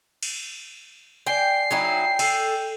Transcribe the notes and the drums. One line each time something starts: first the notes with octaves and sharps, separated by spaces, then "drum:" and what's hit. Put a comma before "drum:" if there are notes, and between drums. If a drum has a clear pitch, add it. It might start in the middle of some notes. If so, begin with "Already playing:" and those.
drum: cymbal
D5 G5 G#5 C7
F#3 D#4 E4 G5
A4, drum: cymbal